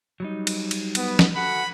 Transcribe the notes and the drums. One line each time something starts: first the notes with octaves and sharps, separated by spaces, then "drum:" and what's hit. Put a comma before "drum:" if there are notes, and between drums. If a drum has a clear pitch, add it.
F#3 G3 D#4
drum: cymbal
drum: cymbal
B3, drum: cymbal
drum: snare
F#4 A4 F#5 B5